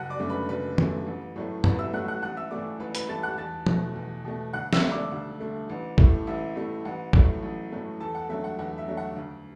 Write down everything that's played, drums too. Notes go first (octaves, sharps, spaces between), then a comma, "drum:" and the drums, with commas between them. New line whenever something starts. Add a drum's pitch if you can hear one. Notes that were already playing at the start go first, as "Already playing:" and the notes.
Already playing: F#1 F#5 F#6
D5 D6
F#2 D3 A3
B4 B5
F#1 B4 B5
F#2 D3 A3, drum: tom
A1
A2 F#3 A3
A1 B4 B5, drum: tom
E5 E6
A2 F#3 A3 F#5 F#6
F#5 F#6
A1 F#5 F#6
E5 E6
A2 E3 A3 D5 D6
A1 B4 B5
B4 B5, drum: hi-hat
A2 E3 A3 A5 A6
F#5 F#6
E2 A5 A6
B2 A3, drum: tom
E2
B2 A3
D2 F#5 F#6
E5 E6, drum: snare
D3 A3
D5 D6
D2
D3 A3
A1
A2 A3, drum: kick G1
A1 E5
A2 A3
A1 F#5
A2 F#3 A3, drum: kick G1
A1
A2 F#3 A3
E2 A4 A5
F#5
D3 F#3 A3 E5
F#5
E2 F#5
E5
D3 F#3 A3
F#5
D2